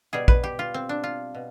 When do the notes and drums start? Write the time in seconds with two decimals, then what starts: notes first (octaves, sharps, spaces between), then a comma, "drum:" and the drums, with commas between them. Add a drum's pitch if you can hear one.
0.13 B2 G3 G#4
0.28 B4, drum: kick A#1
0.44 G4
0.59 F4
0.74 C4
0.89 D4
1.04 F4
1.34 B2